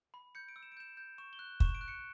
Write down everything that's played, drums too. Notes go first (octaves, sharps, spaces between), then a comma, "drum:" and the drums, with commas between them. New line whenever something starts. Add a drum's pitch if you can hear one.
B5
G6 C#7
D7
E6
E7
D7
G6 E7
G6
C#6 E7
G7
F#6
C#6 E7, drum: kick
D7
F#6
C#7